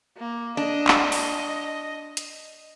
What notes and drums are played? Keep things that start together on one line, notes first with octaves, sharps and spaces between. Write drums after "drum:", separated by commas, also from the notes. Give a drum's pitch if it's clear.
A#3
D4 D#5
drum: clap
drum: open hi-hat
drum: hi-hat